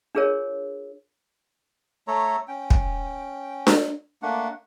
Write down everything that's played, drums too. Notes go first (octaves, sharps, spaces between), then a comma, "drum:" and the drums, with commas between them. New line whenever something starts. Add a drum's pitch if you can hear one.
D4 F4 G#4 A#4 C#5
A3 A4 C#5 A#5
C#4 G5
drum: kick
drum: snare D4
A3 A#3 D4 F#5